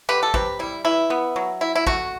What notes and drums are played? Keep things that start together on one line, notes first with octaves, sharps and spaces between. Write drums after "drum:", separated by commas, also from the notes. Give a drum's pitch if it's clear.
D3 G4 B4
A4
C3 G4 B4, drum: kick
G3 E4
E3 E4
B3
F#3
E4
E4
A3 F#4, drum: kick